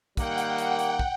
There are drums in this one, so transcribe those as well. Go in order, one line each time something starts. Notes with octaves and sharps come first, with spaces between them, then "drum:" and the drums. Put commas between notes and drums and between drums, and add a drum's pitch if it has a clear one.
D#3 G3 A#3 F#5 G5, drum: kick, hi-hat
drum: hi-hat
drum: hi-hat
drum: hi-hat
drum: kick